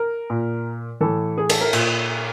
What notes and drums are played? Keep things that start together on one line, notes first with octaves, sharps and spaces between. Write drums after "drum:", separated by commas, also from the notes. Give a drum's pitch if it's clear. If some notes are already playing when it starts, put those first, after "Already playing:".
Already playing: A#4
A#2
A2 E3 A4
G#4
A4, drum: cymbal
A#4
A#2, drum: cymbal